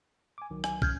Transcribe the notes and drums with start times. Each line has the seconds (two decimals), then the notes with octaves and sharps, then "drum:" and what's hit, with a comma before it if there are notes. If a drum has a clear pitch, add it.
0.38 G#5 D6
0.50 C2 D#3 F#3
0.64 G#5, drum: rim click
0.82 G#1 C#4 F6 G6 G#6, drum: kick